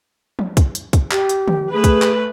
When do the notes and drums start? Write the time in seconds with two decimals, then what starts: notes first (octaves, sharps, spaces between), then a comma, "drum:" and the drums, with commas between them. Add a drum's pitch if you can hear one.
0.39 drum: tom F3
0.57 drum: kick, hi-hat
0.75 drum: hi-hat
0.93 drum: kick, hi-hat
1.11 G4, drum: clap
1.29 drum: hi-hat
1.48 drum: tom D3
1.72 A3 G#4 B4
1.84 drum: kick, hi-hat
2.02 drum: clap